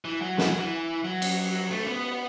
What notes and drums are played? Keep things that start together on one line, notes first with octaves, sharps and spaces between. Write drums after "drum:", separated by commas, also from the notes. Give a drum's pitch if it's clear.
E3
F#3
E3, drum: snare
F#3
E3
F#3
drum: cymbal
A3
B3